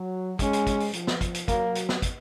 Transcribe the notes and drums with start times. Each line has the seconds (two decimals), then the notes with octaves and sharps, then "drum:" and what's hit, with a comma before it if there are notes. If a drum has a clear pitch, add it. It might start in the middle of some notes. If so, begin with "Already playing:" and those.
Already playing: F#3
0.39 G#3 C#4, drum: kick, hi-hat
0.53 drum: hi-hat
0.67 drum: kick, hi-hat
0.80 drum: open hi-hat
0.93 F3, drum: hi-hat
1.07 drum: snare
1.21 drum: kick, hi-hat
1.35 drum: hi-hat
1.48 F#3 A#3, drum: kick, hi-hat
1.75 drum: hi-hat
1.89 drum: snare
2.02 drum: kick, hi-hat